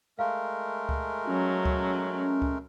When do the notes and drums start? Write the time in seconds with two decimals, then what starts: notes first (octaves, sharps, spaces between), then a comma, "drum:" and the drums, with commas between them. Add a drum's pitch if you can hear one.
0.19 G#3 A3 A#4 F5
0.89 drum: kick C#2
1.27 F#3 C#4
1.65 drum: kick C#2
2.42 drum: kick C#2